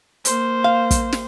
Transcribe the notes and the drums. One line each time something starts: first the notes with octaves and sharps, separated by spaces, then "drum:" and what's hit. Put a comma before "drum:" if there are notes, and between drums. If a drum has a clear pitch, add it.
A#3 C5, drum: hi-hat
F5
drum: kick, hi-hat
drum: snare